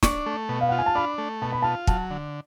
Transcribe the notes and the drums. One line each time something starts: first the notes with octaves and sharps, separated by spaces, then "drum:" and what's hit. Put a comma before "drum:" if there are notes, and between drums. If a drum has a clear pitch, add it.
D4 C#6, drum: snare
A3
B2
F5
F4 F#5
G#5
A5
D4 B5
A3
B2 A5
B5
F4 A5
F#3 A5, drum: kick
D3